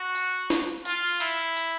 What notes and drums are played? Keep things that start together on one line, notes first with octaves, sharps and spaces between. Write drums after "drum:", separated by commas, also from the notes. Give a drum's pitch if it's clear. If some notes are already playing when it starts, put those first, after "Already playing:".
Already playing: F#4
drum: hi-hat
drum: snare
F4, drum: hi-hat
E4, drum: hi-hat
drum: hi-hat